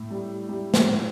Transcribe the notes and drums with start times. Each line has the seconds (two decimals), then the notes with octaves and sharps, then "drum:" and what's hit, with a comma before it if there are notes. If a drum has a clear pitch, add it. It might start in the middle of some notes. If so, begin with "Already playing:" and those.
Already playing: A2
0.10 G3
0.49 G3
0.74 drum: snare
0.86 A2